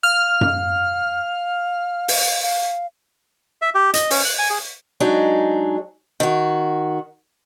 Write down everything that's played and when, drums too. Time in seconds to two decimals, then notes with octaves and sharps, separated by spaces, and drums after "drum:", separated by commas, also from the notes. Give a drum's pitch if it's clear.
0.03 F5 F6
0.41 drum: tom F#2
2.08 drum: open hi-hat
2.42 F5
3.62 E5
3.75 G4
3.94 D#5, drum: hi-hat
4.10 C#4, drum: open hi-hat
4.25 F#6
4.39 G#5
4.50 G#4
5.00 F#3 G#3 D4 D#4 G#4
6.20 D#3 F#4